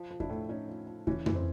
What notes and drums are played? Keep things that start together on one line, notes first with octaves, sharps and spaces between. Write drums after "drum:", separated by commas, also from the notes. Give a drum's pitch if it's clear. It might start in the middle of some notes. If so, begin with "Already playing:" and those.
Already playing: F3
F3
D4 E4, drum: kick E2
A2
A2 C#4 D#4
F3
F3
E3 C#4, drum: kick E2
E3, drum: tom F2
C4